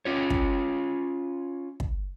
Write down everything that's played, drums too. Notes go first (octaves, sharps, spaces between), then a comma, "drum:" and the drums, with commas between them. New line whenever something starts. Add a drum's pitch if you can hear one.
C#4 F4 C#5
drum: kick
drum: kick